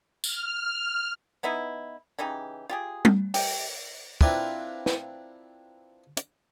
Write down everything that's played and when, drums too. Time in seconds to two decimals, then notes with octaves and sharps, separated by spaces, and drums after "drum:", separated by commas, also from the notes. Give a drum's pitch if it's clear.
0.24 F6, drum: tambourine
1.43 E3 B3 D#4 E4
2.19 C#3 E3 D#4 G4
2.70 F4 G4 G#4
3.05 drum: tom G3
3.34 G4, drum: open hi-hat
4.21 C4 D4 E4 F4 A#4 B4, drum: kick
4.86 drum: snare
6.17 drum: hi-hat